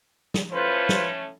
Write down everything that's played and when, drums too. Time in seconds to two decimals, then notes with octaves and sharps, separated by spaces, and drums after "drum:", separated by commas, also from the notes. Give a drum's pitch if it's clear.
0.34 drum: snare
0.53 A2 A3 C#4 F4 B4 C5
0.89 drum: snare